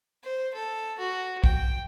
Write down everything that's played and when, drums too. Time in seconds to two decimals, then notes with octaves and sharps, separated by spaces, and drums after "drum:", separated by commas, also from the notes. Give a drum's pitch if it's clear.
0.24 C5
0.54 A4
0.98 F#4
1.44 G5, drum: kick